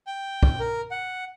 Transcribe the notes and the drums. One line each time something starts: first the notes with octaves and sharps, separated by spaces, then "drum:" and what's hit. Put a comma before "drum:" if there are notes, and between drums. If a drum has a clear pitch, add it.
G5
drum: kick
A#4
F#5